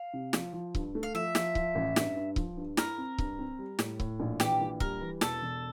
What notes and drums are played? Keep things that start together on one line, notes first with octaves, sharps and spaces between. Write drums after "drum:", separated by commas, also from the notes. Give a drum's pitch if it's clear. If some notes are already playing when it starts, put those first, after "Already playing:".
Already playing: F5
C3
F3, drum: snare
F3
G2, drum: kick C#1
A3
F5
F3 E5
F3, drum: snare
F3, drum: kick C#1
A1
G2, drum: snare
G2
F3, drum: kick C#1
G2
E4 A#4, drum: snare
C4
G2, drum: kick C#1
C4
G3
A2, drum: snare
A2, drum: kick C#1
A#1
E3 G4, drum: snare
A#1
G3 A#4, drum: kick C#1
E3
E1 A4, drum: snare
E1